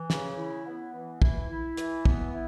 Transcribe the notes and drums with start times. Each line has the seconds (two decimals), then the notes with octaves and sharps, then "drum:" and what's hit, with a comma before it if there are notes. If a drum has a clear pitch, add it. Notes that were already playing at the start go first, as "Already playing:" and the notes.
Already playing: E3
0.10 C#3, drum: snare
0.37 E4
0.66 B3
0.94 E3
1.22 E4, drum: kick
1.49 E4
1.77 E3, drum: hi-hat
2.05 B3, drum: kick
2.33 E4